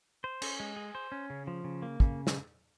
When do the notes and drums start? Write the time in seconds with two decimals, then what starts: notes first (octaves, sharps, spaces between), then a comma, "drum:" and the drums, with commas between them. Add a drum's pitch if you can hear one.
0.24 C5
0.42 C#4, drum: cymbal
0.60 G#3
0.76 G#4
0.95 C5
1.12 C#4
1.30 C#3
1.47 F3
1.64 C#3
1.82 A#3
2.00 C#3, drum: kick
2.27 drum: snare